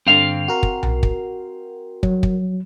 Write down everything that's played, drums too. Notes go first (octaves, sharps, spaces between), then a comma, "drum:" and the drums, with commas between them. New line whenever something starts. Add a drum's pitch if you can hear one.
G2 D3 C4 F5
F#4 A#4
drum: kick
drum: tom B1
drum: kick
F#3, drum: kick
drum: kick